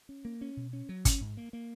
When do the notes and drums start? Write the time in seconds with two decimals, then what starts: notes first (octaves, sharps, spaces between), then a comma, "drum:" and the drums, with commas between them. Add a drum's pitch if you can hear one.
0.09 C#4
0.25 A#3
0.41 C#4
0.57 B2
0.73 C#4
0.89 F#3
1.05 C#4, drum: kick, hi-hat
1.21 G#2
1.37 A#3
1.53 A#3